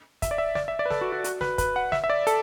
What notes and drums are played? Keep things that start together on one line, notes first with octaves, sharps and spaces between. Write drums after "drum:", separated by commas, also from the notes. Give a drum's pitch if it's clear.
E5, drum: kick, hi-hat
D5
E5
D5, drum: snare
E5
D5
B4
A4, drum: snare
F#4
F#4
F#4, drum: hi-hat
B4, drum: snare
B4, drum: kick, hi-hat
F#5
E5, drum: snare
E5
D5
A4, drum: hi-hat